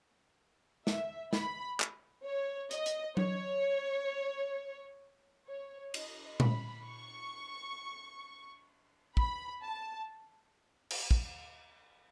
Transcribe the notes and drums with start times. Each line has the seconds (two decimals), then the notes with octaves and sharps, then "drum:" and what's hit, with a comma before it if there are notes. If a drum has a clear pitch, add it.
0.87 E5, drum: snare
1.33 B5, drum: snare
1.80 drum: clap
2.25 C#5
2.71 D#5, drum: hi-hat
2.86 drum: hi-hat
3.17 C#5, drum: tom F#3
5.47 C#5
5.94 D#5, drum: cymbal
6.40 B5, drum: tom A#2
6.86 C#6
9.17 B5, drum: kick
9.63 A5
10.91 drum: cymbal
11.11 drum: kick